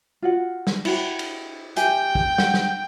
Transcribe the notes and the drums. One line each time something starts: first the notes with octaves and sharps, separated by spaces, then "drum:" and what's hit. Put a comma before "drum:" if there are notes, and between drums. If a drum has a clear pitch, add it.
F4 F#4 F#5
drum: snare
E4 F#4 G5, drum: cymbal
drum: cymbal
G4 E5 G5 G#5, drum: hi-hat
drum: kick
F#5, drum: snare
drum: snare